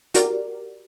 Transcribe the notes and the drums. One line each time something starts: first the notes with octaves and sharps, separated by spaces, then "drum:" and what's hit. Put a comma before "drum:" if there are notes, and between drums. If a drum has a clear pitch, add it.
F#4 G4 A#4 D5, drum: hi-hat